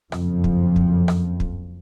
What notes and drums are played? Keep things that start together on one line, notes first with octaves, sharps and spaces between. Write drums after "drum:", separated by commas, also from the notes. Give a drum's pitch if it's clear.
F#1 F2 F3, drum: rim click
drum: kick
drum: kick
drum: rim click
drum: kick